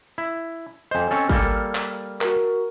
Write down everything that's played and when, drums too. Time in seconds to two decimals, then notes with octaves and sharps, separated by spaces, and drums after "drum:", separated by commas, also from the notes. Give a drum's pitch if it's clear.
0.18 E4
0.91 F2 C5 D#5 G#5
1.11 C4 C#4 A4
1.29 G3 A#3 A4 F6, drum: kick
1.75 drum: clap
2.21 F#4 A#4, drum: clap